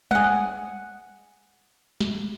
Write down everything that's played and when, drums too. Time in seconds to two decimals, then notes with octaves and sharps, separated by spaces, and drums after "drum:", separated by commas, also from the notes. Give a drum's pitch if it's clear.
0.11 G#4 F#5, drum: tom G3
2.01 drum: snare